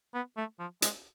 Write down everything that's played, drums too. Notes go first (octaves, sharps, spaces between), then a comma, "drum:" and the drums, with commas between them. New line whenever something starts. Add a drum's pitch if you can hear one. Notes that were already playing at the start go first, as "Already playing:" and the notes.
B3
A3
F3
G#3, drum: hi-hat